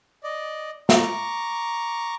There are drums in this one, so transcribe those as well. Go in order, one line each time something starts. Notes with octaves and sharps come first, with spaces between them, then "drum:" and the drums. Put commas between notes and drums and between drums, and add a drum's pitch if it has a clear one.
D5 D#5
A#5 C#6 D6, drum: snare